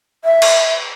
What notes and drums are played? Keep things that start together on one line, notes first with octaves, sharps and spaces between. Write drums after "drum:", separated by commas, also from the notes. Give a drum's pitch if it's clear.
E5
drum: cymbal